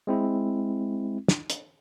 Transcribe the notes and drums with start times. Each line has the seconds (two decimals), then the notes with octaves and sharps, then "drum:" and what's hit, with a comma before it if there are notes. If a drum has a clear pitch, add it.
0.07 G#3 C4 E4
1.28 drum: snare
1.50 drum: hi-hat